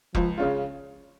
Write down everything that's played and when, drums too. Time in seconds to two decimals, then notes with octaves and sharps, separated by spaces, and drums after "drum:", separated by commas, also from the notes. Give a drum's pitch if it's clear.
0.15 C#2 F3, drum: kick F1
0.38 C#3 G#3 C#4 F4